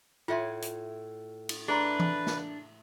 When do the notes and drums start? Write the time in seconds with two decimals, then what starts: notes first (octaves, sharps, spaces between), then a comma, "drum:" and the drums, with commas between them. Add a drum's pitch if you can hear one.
0.28 A2 F4 E5 F#5 G#5 C6
0.62 drum: hi-hat
1.49 drum: cymbal
1.68 A3 D4 G#4 B4 A#5 C6
2.00 drum: tom E3
2.27 drum: snare